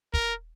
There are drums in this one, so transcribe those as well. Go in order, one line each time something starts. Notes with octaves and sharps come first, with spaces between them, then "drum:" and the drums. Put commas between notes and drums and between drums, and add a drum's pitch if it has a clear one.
A#4, drum: kick